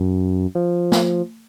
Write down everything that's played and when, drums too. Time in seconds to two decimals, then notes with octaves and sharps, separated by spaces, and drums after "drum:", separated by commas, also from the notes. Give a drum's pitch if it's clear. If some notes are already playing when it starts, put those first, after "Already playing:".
Already playing: F#2
0.55 F3
0.92 drum: snare